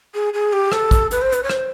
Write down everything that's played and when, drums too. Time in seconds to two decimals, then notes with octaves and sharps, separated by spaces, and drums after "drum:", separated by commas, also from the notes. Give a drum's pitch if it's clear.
0.14 G#4
0.33 G#4
0.52 G4
0.72 A4, drum: rim click
0.91 drum: kick, hi-hat
1.11 B4, drum: hi-hat
1.21 C5
1.32 B4, drum: hi-hat
1.43 C#5
1.50 C5, drum: rim click